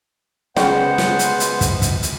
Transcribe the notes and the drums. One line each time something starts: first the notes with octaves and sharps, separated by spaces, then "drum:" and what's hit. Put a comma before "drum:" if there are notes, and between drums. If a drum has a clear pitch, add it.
C#3 G#3 B3 C5 F#5 G5, drum: snare
drum: snare
drum: hi-hat
drum: hi-hat
drum: kick, hi-hat
drum: kick, hi-hat
drum: hi-hat